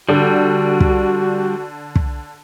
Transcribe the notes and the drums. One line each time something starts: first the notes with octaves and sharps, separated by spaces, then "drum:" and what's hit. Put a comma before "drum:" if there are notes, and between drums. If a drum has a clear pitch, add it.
D3 G3 F#4
drum: kick
drum: kick